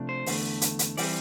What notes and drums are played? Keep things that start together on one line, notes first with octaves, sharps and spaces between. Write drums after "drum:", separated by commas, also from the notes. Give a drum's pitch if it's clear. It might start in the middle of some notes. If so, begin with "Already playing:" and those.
Already playing: C3 F3 A3 D4
C5
E2 D3 A3, drum: open hi-hat
drum: hi-hat
drum: hi-hat
E3 G3 C4 D5, drum: open hi-hat